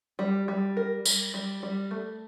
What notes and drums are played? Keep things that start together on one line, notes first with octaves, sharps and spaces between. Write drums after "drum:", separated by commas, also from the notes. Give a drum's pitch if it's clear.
G3
G3
A#4
G3, drum: tambourine
G3
G3
A3